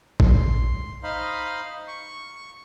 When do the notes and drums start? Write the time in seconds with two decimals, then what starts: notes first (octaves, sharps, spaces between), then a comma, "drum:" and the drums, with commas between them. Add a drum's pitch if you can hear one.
0.20 C6, drum: kick A#1
1.03 D#4 C5 D#5 F5 B5 C6
1.88 C#6